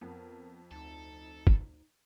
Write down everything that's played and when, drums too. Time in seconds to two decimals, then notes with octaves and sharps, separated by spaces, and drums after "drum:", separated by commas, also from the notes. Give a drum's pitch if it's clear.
0.01 F2 B3 A#4
0.71 D2 D#4 A4
1.47 drum: kick